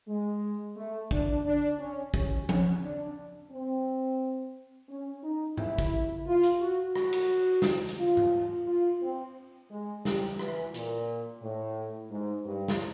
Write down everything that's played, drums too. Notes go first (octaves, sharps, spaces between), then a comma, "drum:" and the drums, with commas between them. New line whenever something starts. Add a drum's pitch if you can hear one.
G#3
A3
D4, drum: kick A1
D4
C#4
C#4, drum: kick A1
C#4, drum: tom F3
D4
C4
C#4
D#4
E4, drum: tom G#2
drum: kick A1
F4
drum: hi-hat
F#4
F#4, drum: rim click
drum: cymbal
drum: snare
drum: hi-hat
F4
drum: tom G#2
F4
C4
G#3
G3, drum: snare
E3, drum: rim click
A#2, drum: hi-hat
A2
G#2
G2
drum: snare